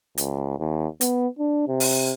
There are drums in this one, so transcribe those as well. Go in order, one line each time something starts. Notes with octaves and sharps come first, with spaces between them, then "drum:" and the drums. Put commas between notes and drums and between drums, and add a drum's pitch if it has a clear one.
C#2, drum: hi-hat
D#2
B3, drum: hi-hat
D4
C3
drum: open hi-hat